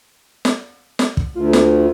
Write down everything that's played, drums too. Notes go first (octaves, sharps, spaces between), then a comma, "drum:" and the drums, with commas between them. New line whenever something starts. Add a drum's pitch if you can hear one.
drum: snare
drum: snare
drum: kick
D2 F4
drum: snare